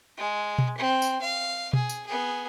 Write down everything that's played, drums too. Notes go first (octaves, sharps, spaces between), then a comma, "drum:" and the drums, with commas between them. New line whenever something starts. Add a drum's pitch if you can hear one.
G#3
drum: tom B2
C4
drum: tambourine
F5
G#4, drum: tom B2
drum: tambourine
B3 G#4